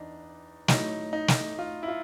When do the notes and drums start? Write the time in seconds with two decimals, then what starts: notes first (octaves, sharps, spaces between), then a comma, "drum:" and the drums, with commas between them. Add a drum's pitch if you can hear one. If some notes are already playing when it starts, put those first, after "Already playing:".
Already playing: E2 D4 D#4
0.68 A2 F#3 D#4, drum: snare
1.13 D#4
1.28 drum: snare
1.59 F4
1.83 E4
1.88 F4